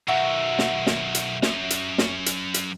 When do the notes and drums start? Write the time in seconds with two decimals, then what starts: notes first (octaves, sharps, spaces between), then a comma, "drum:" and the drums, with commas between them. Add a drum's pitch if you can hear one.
0.08 B1 D#3 F#4 E5
0.59 drum: snare
0.87 drum: snare
1.15 drum: hi-hat
1.43 F#2, drum: snare
1.70 drum: hi-hat
1.98 drum: snare
2.26 drum: hi-hat
2.54 drum: hi-hat